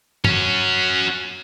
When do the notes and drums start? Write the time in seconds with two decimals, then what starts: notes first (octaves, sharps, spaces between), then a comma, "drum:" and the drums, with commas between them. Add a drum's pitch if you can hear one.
0.24 C#4 F#4, drum: tom F#2